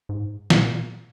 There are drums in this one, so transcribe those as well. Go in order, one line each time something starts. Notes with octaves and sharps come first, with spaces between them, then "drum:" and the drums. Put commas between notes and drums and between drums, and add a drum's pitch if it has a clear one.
G#2
B2, drum: snare
A#2